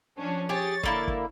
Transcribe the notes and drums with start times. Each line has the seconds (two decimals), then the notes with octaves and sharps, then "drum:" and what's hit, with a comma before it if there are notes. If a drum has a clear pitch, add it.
0.18 F3 C#4 D4
0.49 G4 G#4 C#5 A6
0.83 D3 A#3 E4, drum: kick
1.08 drum: kick